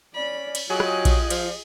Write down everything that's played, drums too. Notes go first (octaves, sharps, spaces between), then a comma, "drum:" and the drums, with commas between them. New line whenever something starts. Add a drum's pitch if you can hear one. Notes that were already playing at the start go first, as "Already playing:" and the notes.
C#4 D5 B5
drum: cymbal
F#3 F4 G4 G#4 D#5 F#6
drum: rim click
drum: kick A#1, cymbal
F3, drum: cymbal